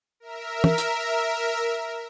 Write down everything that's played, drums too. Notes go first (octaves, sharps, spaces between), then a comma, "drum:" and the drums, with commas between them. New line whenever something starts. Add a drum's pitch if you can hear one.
A#4 E5
drum: tom
drum: hi-hat